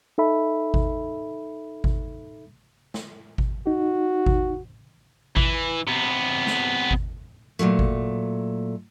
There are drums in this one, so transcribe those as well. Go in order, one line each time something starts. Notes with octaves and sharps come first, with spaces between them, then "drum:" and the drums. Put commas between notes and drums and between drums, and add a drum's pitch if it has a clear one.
D#4 A4 E5 B5
drum: kick G#1
drum: kick G#1
drum: snare
drum: kick G#1
D#4 F#4
drum: kick G#1
E3, drum: kick G#1
C3 B3
drum: snare
drum: kick G#1
A#2 E3 F#3 A3
drum: kick G#1